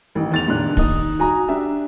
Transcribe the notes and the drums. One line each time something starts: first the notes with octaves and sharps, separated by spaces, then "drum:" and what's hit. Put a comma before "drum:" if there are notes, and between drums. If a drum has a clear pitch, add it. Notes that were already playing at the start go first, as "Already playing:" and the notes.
A1 D#3 E3
E2 A6 F7
F1 A#2 D#3 D4 F#6
D#3 D#4 D#6, drum: kick
F#4 G#5 A#5 D#6
D4 G4 E5